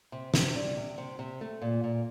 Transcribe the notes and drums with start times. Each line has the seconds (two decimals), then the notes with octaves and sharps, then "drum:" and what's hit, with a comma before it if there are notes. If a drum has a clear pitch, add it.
0.12 C3
0.34 C3, drum: snare
0.56 G3
0.77 C3
0.98 C3
1.19 C3
1.41 A3
1.62 A#2
1.84 A#2